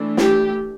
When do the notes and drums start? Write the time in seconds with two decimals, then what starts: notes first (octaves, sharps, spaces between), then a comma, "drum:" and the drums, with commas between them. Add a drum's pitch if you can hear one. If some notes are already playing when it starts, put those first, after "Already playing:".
Already playing: E3 A3 D4
0.17 G4, drum: snare